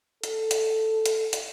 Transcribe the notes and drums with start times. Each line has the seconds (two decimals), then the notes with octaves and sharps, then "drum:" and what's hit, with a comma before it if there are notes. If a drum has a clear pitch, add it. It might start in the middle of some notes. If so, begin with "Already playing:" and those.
0.23 A4, drum: hi-hat
0.51 drum: hi-hat
1.06 drum: hi-hat
1.33 drum: hi-hat